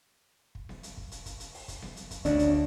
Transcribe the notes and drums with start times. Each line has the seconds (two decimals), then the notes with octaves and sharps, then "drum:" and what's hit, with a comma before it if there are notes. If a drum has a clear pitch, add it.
0.55 drum: kick
0.69 drum: snare B3
0.83 drum: hi-hat
0.97 drum: kick
1.12 drum: hi-hat
1.26 drum: kick, hi-hat
1.40 drum: hi-hat
1.54 drum: open hi-hat
1.68 drum: kick, hi-hat
1.82 drum: snare B3
1.96 drum: hi-hat
2.11 drum: kick, hi-hat
2.25 D2 C#3 D4, drum: hi-hat
2.39 drum: kick, hi-hat